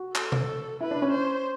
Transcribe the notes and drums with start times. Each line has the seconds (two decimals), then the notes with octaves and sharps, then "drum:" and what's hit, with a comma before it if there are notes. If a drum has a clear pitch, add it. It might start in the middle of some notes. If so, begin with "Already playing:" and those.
Already playing: F#4
0.15 A4, drum: clap
0.32 drum: tom B2
0.80 E4 B4
0.91 D4
1.02 C#4
1.12 C5